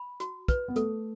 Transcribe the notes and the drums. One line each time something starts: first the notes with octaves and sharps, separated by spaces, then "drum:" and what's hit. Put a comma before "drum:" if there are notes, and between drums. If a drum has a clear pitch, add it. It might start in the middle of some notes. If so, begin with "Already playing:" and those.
Already playing: B5
F#4, drum: hi-hat
B4, drum: kick, hi-hat
B3
A3 A4, drum: hi-hat